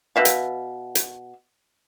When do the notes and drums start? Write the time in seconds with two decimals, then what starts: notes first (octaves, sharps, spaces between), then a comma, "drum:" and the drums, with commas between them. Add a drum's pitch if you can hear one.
0.16 B2 E5 F5
0.25 drum: hi-hat
0.95 drum: hi-hat